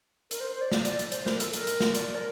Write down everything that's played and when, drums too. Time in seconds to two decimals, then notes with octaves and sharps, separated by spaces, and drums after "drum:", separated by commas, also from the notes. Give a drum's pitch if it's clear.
0.31 A#4, drum: hi-hat
0.40 C5
0.51 C5
0.61 D5
0.72 drum: snare
0.85 D5, drum: hi-hat
0.99 D5, drum: hi-hat
1.12 C5, drum: hi-hat
1.26 A#4, drum: snare
1.40 A4, drum: hi-hat
1.53 A#4, drum: hi-hat
1.67 drum: hi-hat
1.80 drum: snare
1.95 D5, drum: hi-hat
2.15 A#4